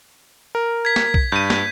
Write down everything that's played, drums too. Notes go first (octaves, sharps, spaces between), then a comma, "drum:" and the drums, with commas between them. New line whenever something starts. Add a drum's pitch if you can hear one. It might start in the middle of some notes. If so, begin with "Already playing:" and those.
A#4
G#6 B6
drum: snare
drum: kick B1
G2 G6 D#7
drum: snare